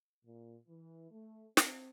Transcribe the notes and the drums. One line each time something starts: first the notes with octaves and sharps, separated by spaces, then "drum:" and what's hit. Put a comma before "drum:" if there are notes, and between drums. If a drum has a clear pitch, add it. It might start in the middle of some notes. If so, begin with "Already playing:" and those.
A#2
E3
A3
C4, drum: snare